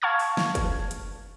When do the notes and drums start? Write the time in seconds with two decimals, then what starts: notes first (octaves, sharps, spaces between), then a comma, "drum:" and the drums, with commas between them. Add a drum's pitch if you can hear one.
0.02 F5 A5 C#6 F6 G#6
0.19 drum: open hi-hat
0.37 drum: snare
0.55 drum: kick, hi-hat
0.91 drum: hi-hat